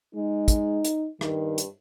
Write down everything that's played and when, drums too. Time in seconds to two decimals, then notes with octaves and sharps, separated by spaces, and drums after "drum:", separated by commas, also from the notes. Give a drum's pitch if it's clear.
0.15 G#3 D#4
0.48 drum: kick, hi-hat
0.84 drum: hi-hat
1.21 G2 D#3, drum: rim click
1.58 drum: hi-hat